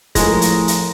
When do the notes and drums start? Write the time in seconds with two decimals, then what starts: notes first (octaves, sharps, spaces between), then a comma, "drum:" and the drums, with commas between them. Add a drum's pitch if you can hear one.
0.15 A2 F3 G#3 A#4 A#5 A#6, drum: kick, hi-hat
0.41 drum: hi-hat
0.68 drum: hi-hat